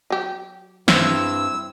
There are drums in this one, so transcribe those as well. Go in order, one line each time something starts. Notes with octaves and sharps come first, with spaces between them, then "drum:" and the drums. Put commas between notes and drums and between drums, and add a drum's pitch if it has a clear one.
F#3 G4
G2 C4 E4 F5 E6, drum: snare